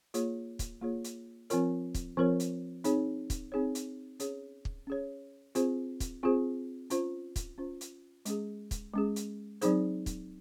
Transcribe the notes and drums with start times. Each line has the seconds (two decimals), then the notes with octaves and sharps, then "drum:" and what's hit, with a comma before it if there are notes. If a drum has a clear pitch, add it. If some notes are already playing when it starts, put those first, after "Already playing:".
0.14 A#3 F4 G#4 C#5, drum: hi-hat
0.59 drum: kick, hi-hat
0.81 A#3 F4 G#4 C#5
1.04 drum: hi-hat
1.50 F3 C4 F4 A#4 C#5, drum: hi-hat
1.95 drum: kick, hi-hat
2.17 F3 C4 F4 A#4 C#5
2.40 drum: hi-hat
2.84 C4 D#4 G#4 C#5, drum: hi-hat
3.30 drum: kick, hi-hat
3.52 C4 D#4 G#4 C#5
3.75 drum: hi-hat
4.20 C#4 G#4 C#5, drum: hi-hat
4.65 drum: kick
4.87 C#4 G#4 C#5
5.55 C4 F4 G#4 C5, drum: hi-hat
6.00 drum: kick, hi-hat
6.23 C4 F4 G#4 C5
6.90 C#4 F4 C5, drum: hi-hat
7.36 drum: kick, hi-hat
7.58 C#4 F4 C5
7.81 drum: hi-hat
8.25 G#3 C#4 G#4, drum: hi-hat
8.71 drum: kick, hi-hat
8.93 G#3 C#4 G#4
9.16 drum: hi-hat
9.61 F#3 C4 D#4 G#4 C5, drum: hi-hat
10.06 drum: kick, hi-hat